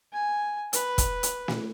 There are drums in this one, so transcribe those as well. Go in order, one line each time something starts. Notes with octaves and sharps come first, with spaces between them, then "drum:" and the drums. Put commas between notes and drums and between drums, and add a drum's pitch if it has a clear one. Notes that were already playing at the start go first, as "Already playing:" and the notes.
G#5
B4, drum: hi-hat
drum: kick, hi-hat
drum: hi-hat
drum: snare